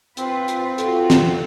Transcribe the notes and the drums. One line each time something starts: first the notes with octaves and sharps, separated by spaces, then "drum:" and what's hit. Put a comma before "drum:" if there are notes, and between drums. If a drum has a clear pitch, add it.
C4 F4 B4, drum: hi-hat
drum: hi-hat
F4 F#4 A4, drum: hi-hat
drum: snare